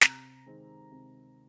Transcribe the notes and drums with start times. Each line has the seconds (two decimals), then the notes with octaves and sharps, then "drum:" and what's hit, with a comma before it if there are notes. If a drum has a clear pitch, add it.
0.02 C3 A#5, drum: snare
0.46 D#3 G#3 C4
0.92 C3